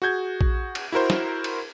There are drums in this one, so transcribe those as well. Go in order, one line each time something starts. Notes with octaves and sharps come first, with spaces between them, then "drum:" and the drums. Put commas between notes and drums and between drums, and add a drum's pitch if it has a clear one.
F#4 G#4 G6 G#6
drum: kick A#1
drum: cymbal
E4 F#4 A#4 C5
drum: snare
drum: cymbal